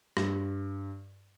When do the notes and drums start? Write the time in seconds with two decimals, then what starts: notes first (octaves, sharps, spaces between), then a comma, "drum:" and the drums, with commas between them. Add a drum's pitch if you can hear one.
0.17 G2, drum: rim click